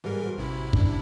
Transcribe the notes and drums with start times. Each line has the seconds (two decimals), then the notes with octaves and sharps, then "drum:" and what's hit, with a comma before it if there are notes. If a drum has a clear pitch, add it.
0.04 G#2 E3 G3 G#4 A#4
0.26 E2 F#4 C5
0.38 A1 C3 E4
0.73 D4, drum: kick